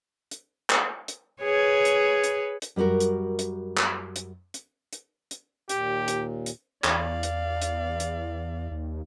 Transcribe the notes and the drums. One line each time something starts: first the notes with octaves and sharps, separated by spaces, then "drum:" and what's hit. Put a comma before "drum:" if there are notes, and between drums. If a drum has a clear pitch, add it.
drum: hi-hat
drum: clap
drum: hi-hat
G#4 B4 C#5
drum: hi-hat
drum: hi-hat
drum: hi-hat
F#2 G3 D#4 F#4 A#4
drum: hi-hat
drum: hi-hat
drum: clap
drum: hi-hat
drum: hi-hat
drum: hi-hat
drum: hi-hat
D#2 A#2 G4, drum: hi-hat
drum: hi-hat
drum: hi-hat
E2 D5 F5, drum: clap
drum: hi-hat
drum: hi-hat
drum: hi-hat
D#2